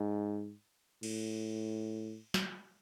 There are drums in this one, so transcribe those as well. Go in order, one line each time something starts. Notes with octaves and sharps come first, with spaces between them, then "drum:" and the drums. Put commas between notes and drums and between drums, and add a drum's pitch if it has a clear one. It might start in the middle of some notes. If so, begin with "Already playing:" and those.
Already playing: G#2
A2, drum: cymbal
drum: snare